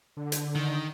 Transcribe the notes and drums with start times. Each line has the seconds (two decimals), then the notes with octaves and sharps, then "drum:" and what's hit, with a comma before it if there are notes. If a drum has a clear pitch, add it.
0.17 D3
0.32 drum: hi-hat
0.55 D#3